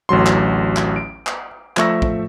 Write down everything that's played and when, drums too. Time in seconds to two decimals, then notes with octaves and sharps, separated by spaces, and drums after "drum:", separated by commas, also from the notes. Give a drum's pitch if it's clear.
0.09 A1 D2 F#3 C6
0.26 drum: clap
0.77 drum: clap
0.96 D7
1.27 drum: clap
1.77 F3 A3 E5 C#6 E6 A#6, drum: clap
2.02 drum: kick